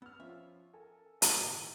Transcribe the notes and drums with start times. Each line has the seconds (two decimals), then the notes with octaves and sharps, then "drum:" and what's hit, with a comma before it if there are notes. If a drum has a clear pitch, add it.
0.02 B3 E6 F6
0.20 F3 C#4 F4 E5
0.73 A4 A#4 G#5
1.22 G2 C#3 G#5, drum: hi-hat
1.41 A2 D#3 E3